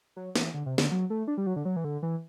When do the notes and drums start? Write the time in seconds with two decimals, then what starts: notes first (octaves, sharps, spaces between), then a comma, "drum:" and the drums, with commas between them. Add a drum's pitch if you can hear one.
0.16 F#3
0.36 E3, drum: snare
0.54 D3
0.66 C3
0.78 D3, drum: snare
0.92 F#3
1.10 A3
1.28 D4
1.38 G3
1.47 F#3
1.56 D3
1.65 F#3
1.76 E3
1.84 D3
2.03 E3